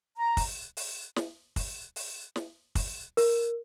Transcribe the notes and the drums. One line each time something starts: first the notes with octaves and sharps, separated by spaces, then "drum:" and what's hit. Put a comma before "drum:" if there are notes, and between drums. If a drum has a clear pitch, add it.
A#5
drum: kick, open hi-hat
drum: open hi-hat
drum: snare
drum: kick, open hi-hat
drum: open hi-hat
drum: snare
drum: kick, open hi-hat
A#4, drum: open hi-hat